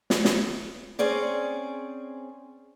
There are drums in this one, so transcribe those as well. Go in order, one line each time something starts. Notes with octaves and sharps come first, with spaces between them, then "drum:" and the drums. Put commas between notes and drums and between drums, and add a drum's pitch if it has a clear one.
drum: snare
drum: snare
C4 C#4 G#4 D5